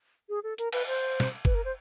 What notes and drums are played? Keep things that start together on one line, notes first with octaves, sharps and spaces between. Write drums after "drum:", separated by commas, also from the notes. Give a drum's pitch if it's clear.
G#4
A4
A#4, drum: hi-hat
B4, drum: cymbal
C5
drum: snare
B4, drum: kick F#1
A#4
C5